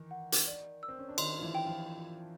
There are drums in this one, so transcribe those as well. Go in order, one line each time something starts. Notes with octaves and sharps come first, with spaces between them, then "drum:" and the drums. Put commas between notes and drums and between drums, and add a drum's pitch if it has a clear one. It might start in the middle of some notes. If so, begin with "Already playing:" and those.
Already playing: D#3 E3
F#5
drum: hi-hat
D5
E6
C4
C#4
D4
D#3 D#4 C6, drum: cymbal
F4
E3 E4
G5
F3 F4